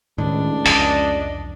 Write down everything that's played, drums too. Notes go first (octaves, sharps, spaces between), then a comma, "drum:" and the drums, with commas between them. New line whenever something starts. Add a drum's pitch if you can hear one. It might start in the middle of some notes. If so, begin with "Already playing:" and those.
C#2 A2 D#3 D4
C2 F2 D5 D#5 A5, drum: open hi-hat